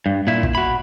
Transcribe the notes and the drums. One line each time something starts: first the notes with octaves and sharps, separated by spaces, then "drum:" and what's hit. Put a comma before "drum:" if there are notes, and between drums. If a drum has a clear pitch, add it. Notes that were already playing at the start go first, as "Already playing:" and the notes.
G2
A#2 E4
drum: kick
F#4 B5